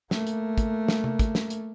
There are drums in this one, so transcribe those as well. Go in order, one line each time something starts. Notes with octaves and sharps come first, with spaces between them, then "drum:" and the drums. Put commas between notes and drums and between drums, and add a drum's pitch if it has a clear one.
A3 A#3, drum: snare
drum: hi-hat
drum: kick, hi-hat
drum: snare
drum: tom C3
drum: kick, hi-hat
drum: snare
drum: hi-hat